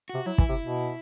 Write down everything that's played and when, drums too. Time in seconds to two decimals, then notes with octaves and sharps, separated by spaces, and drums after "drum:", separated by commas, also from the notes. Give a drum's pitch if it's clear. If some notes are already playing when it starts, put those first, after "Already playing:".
0.09 C3 F#4
0.26 F#3 E4
0.38 E3, drum: kick
0.49 C3
0.61 B2